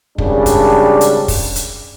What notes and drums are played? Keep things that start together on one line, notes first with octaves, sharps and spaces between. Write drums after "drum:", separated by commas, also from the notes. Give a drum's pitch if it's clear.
G#1 C#3 G3 D4, drum: kick
drum: kick, hi-hat
drum: hi-hat
drum: kick, open hi-hat
drum: hi-hat